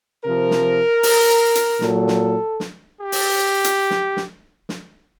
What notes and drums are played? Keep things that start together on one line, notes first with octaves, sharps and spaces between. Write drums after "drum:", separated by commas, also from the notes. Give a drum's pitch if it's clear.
C3 F3 A#4
drum: snare
drum: open hi-hat
drum: hi-hat
A#2 F#3 A4, drum: snare
drum: snare
drum: snare
G4
drum: open hi-hat
drum: hi-hat
drum: snare
drum: snare
drum: snare